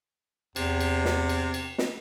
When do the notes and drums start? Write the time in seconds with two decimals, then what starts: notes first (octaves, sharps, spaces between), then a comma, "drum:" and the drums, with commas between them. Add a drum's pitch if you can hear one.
0.56 E2 C3, drum: cymbal
0.81 drum: cymbal
1.05 drum: snare
1.29 drum: cymbal
1.54 drum: cymbal
1.78 drum: snare